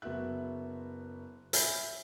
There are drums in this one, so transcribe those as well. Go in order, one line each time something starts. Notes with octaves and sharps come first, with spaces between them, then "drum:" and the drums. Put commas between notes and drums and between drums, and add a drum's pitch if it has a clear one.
F#1 B3 F#4 E5 F#6
E5 G#5 B5 G6, drum: hi-hat